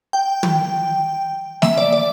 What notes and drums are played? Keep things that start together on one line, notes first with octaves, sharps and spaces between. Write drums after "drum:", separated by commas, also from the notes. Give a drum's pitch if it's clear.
G5
drum: tom
E5, drum: snare
D5
D5